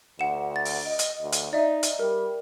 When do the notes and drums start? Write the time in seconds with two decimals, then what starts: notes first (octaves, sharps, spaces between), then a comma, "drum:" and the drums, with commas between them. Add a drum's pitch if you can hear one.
0.19 D2 F#5 E7
0.56 A6
0.65 drum: open hi-hat
0.86 D#5
0.99 drum: hi-hat
1.21 D2
1.32 drum: hi-hat
1.53 D#4 D5 E5
1.83 drum: hi-hat
1.99 G3 A#4